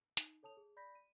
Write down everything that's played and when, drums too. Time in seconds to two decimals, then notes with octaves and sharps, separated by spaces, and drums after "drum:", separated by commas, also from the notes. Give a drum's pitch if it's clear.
0.17 D#4, drum: hi-hat
0.43 A4 C#5 A5 D#6 F7
0.57 G#4
0.77 D5 B5 G6 A#6 B6
0.95 D#7